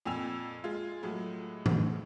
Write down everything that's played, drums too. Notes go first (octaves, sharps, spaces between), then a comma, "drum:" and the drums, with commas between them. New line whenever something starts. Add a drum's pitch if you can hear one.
F2 A#2 G#5 E6 F7
G#3 F4 G#4
A2 F3 F#3 G#3
drum: tom G#2